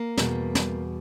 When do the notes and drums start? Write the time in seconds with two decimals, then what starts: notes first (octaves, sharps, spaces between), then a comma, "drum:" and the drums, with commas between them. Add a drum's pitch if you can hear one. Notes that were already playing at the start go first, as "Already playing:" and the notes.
Already playing: A#3
0.17 E2 B2 G3, drum: snare
0.55 drum: snare